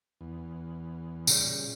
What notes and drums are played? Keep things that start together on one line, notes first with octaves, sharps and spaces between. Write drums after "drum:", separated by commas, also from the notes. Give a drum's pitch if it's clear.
E2
A#2 C#3 G3, drum: tambourine